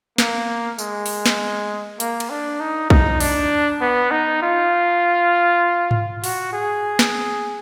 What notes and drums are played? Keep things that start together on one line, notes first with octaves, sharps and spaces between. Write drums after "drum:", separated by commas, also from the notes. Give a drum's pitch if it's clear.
A#3, drum: snare
G#3, drum: tambourine
drum: open hi-hat
drum: snare
A#3, drum: hi-hat
drum: cymbal
D4
D#4
D#4, drum: kick B1
D4, drum: open hi-hat
B3
D#4
F4
drum: tom G#2
F#4, drum: open hi-hat
G#4
drum: snare